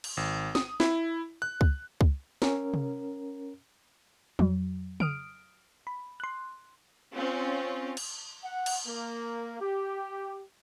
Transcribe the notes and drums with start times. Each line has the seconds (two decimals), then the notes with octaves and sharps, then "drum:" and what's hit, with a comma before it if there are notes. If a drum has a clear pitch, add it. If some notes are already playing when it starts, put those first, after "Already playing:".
0.04 drum: cymbal
0.17 G#1
0.55 D#6, drum: snare
0.80 E4, drum: snare
1.42 F#6
1.61 drum: kick
2.01 drum: kick
2.42 C#4 A#4, drum: snare
2.74 drum: tom C3
4.39 F2 F#3, drum: tom F#3
5.00 D#6 F6 D7, drum: tom C#3
5.87 B5
6.20 C6 F#6
7.15 C4 C#4 F4
7.97 drum: cymbal
8.43 F#5
8.66 drum: cymbal
8.86 A#3
9.60 G4